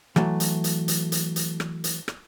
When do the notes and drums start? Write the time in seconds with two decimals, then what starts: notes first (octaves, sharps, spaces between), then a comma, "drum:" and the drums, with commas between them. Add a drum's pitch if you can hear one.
0.16 E3 F#3 A3, drum: rim click
0.40 drum: hi-hat
0.64 drum: hi-hat
0.88 drum: hi-hat
1.12 drum: hi-hat
1.36 drum: hi-hat
1.60 drum: rim click
1.84 drum: hi-hat
2.08 drum: rim click